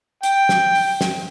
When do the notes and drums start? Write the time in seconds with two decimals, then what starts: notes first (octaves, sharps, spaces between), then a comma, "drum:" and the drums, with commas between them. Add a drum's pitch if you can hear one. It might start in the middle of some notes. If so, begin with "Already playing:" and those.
0.23 G5, drum: hi-hat
0.49 drum: snare
0.75 drum: open hi-hat
1.01 drum: snare